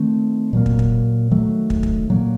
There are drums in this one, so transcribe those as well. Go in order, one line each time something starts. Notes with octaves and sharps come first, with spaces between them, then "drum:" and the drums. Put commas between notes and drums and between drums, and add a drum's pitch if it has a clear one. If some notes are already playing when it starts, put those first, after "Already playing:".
Already playing: D#3 A3 C4
A#2 F#3 A#3
drum: kick
drum: kick
D#3 F#3 A3
drum: kick
drum: kick
A#2 F#3 A#3